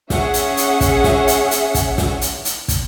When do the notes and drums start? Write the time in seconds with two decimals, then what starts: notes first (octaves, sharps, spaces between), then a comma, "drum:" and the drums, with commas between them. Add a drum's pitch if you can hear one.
0.10 C#4 G#4 E5 F#5, drum: snare
0.34 drum: hi-hat
0.57 drum: hi-hat
0.81 drum: kick, hi-hat
1.04 drum: snare
1.28 drum: hi-hat
1.51 drum: hi-hat
1.74 drum: kick, hi-hat
1.98 drum: snare
2.21 drum: hi-hat
2.45 drum: hi-hat
2.68 drum: kick, hi-hat